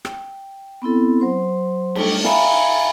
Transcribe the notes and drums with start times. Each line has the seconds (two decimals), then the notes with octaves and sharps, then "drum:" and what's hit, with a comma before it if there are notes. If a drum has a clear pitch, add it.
0.05 G5, drum: rim click
0.82 B3 C4 E4 A4
1.20 F#3 C5 C6
1.95 G3 A3 D4 A4 G5 C#6, drum: cymbal
2.24 E5 F5 G5 G#5 A#5 B5, drum: snare